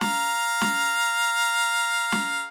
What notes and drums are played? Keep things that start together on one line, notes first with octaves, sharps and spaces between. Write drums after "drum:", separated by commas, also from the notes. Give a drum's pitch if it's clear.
F5 A#5, drum: snare
drum: snare
drum: snare